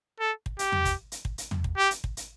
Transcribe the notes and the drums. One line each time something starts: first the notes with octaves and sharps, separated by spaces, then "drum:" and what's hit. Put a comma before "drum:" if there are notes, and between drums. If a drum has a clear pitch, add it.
A4
drum: kick
G4, drum: hi-hat
drum: tom
drum: kick, hi-hat
drum: hi-hat
drum: kick
drum: hi-hat
drum: tom
drum: kick
G4
drum: hi-hat
drum: kick
drum: hi-hat